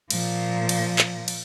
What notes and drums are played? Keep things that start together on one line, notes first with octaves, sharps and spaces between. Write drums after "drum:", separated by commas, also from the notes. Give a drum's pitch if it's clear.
A#2 F3, drum: cymbal
drum: cymbal
drum: clap
drum: cymbal